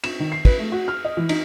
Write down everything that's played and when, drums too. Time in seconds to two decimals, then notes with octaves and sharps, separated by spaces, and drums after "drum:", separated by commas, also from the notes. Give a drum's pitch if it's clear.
0.04 E7, drum: cymbal
0.20 D#3
0.32 C7
0.45 B4, drum: kick, cymbal
0.59 A3
0.72 F#4
0.88 F6
1.05 D#5
1.17 E3
1.29 D#4, drum: cymbal